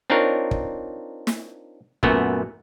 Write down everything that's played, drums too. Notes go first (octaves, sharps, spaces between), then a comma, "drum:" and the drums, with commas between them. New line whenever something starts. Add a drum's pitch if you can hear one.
C4 D4 D#4 F4 A#4 C#5
drum: kick
drum: snare
F#2 A#2 A3 B3 F#4, drum: kick